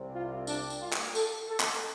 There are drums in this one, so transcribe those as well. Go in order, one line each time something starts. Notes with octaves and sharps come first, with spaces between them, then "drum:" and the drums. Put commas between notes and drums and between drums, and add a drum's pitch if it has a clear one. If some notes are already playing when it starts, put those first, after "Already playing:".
Already playing: C2 C3 G3 C4
F4
D4, drum: tambourine
drum: tambourine
F4
drum: clap
A4, drum: tambourine
A4
drum: clap